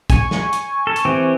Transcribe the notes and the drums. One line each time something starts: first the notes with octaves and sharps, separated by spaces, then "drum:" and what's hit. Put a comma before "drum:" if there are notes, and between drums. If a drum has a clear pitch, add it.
G#5 C#6, drum: kick, hi-hat
drum: snare
drum: hi-hat
A4
drum: hi-hat
E3 C4 G4